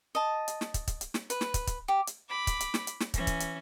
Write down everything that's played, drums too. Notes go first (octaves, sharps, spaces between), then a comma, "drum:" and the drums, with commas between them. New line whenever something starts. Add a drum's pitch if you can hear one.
D#5 A5
drum: hi-hat
drum: snare
drum: kick, hi-hat
drum: kick, hi-hat
drum: hi-hat
drum: snare
B4, drum: hi-hat
drum: snare
drum: kick, hi-hat
drum: kick, hi-hat
G4
drum: hi-hat
B5 D6
drum: kick, hi-hat
drum: hi-hat
drum: snare
drum: hi-hat
drum: snare
E3 C#4, drum: kick, hi-hat
drum: kick, hi-hat
drum: hi-hat